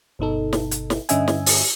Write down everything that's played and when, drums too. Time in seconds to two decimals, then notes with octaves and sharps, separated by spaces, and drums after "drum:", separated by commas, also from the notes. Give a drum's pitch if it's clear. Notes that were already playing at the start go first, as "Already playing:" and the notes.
0.19 G1 B2 D#4 A4
0.53 drum: snare
0.71 drum: hi-hat
0.90 drum: snare
1.09 G2 D3 C#4 D#5 E5 G#5, drum: hi-hat
1.28 drum: snare
1.46 drum: open hi-hat